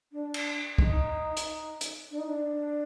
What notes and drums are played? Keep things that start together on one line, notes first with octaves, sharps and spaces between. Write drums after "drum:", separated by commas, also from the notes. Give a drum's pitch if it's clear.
D4
drum: cymbal
D#4, drum: kick
drum: hi-hat
drum: hi-hat
D4
D#4
D4